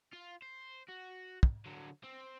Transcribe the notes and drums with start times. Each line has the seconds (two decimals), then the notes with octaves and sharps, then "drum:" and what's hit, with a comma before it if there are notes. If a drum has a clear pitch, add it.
0.13 F4
0.42 C5
0.88 F#4
1.43 drum: kick
1.66 D3 F#3
2.03 C4